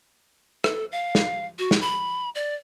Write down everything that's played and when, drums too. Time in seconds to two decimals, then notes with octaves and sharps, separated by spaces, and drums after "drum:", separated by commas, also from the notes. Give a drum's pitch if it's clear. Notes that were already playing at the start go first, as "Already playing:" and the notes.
0.64 A4, drum: rim click
0.92 F5
1.15 drum: snare
1.59 F#4
1.71 drum: snare
1.81 B5
2.35 D5